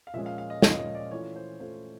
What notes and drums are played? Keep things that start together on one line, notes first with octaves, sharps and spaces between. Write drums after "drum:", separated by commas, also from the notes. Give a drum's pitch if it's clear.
F5
A#2 F3 G#3 C#4 E5
F5
F5
D#5
A#2 F3 G#3 C#4 D#5, drum: snare
D#5
D5
E3 A3 C#4 F4 C#5
C5
E3 A3 C#4 F4 C5